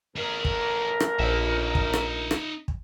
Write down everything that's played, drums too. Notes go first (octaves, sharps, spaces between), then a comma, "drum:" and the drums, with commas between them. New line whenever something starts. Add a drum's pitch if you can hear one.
A1 E4 G#4 A#4
drum: kick
drum: rim click
A#1 D#4 E5
drum: kick
drum: rim click
drum: rim click
drum: kick